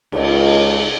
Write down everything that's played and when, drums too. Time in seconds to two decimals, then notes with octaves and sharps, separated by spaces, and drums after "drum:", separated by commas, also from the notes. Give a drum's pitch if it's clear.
0.12 C#2, drum: cymbal